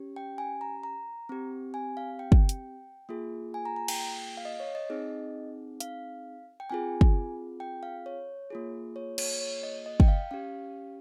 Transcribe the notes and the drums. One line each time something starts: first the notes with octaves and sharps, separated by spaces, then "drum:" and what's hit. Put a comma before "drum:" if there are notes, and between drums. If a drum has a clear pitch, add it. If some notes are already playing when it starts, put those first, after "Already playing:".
Already playing: C#4 G4
G5
G#5
A#5
A#5
C4 G4
G#5
F5
G5
drum: kick
drum: hi-hat
A#3 F4 G#4
G#5
A#5
A#5
G5, drum: cymbal
G5
F5
D#5
C#5
D#5
C4 D#4 G#4
F5, drum: hi-hat
G5
C4 F4 G#4 G#5
drum: kick
G5
F5
C#5
A#3 F4 G#4
C#5
C#5, drum: cymbal
C#5
D#5
D#5
G5, drum: kick
F5
C#4 G4 F5